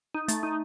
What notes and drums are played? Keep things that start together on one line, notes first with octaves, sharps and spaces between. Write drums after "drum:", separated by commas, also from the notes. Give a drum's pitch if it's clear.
D#4
A3, drum: hi-hat
D#4